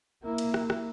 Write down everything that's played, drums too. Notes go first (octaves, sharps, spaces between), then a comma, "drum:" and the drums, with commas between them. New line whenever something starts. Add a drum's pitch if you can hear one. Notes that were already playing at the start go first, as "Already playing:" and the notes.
A#3 E4
drum: cymbal
drum: rim click
drum: rim click